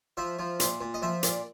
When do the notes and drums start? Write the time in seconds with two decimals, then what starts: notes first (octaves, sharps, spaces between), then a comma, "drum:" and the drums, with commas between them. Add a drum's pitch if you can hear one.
0.17 F3 E5
0.39 F3
0.60 A#2, drum: hi-hat
0.81 A#2
0.94 D#5
1.02 F3 E5
1.23 A#2 D5, drum: hi-hat